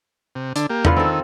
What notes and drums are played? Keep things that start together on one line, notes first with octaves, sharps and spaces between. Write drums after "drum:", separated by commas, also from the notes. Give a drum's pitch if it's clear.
C3
D3 D4, drum: hi-hat
A#3 G4
D3 B3 F4, drum: tom E2
D#3 C4 A4